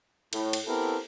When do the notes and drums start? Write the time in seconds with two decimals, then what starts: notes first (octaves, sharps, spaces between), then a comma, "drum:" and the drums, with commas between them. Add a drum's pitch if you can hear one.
0.33 A2, drum: cymbal
0.53 drum: cymbal
0.67 B3 C4 E4 G4 A4 A#4